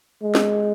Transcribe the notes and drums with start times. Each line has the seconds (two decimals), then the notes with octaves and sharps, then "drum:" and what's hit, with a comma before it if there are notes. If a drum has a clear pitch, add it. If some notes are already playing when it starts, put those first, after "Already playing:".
0.23 G#3
0.35 drum: snare